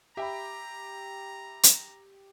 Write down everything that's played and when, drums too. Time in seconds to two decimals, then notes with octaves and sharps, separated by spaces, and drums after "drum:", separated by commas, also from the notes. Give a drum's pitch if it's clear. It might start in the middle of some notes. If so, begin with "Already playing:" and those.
0.17 G4 E5 G5 A#5 B5
1.63 drum: hi-hat